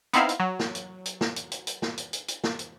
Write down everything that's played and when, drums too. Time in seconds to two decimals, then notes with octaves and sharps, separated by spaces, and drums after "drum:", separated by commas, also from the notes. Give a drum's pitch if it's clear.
0.13 B3 C4 D#4 E4 F5, drum: hi-hat
0.29 drum: hi-hat
0.40 F#3
0.59 drum: snare
0.75 drum: hi-hat
1.05 drum: hi-hat
1.21 drum: snare
1.36 drum: hi-hat
1.52 drum: hi-hat
1.67 drum: hi-hat
1.82 drum: snare
1.98 drum: hi-hat
2.13 drum: hi-hat
2.28 drum: hi-hat
2.44 drum: snare
2.59 drum: hi-hat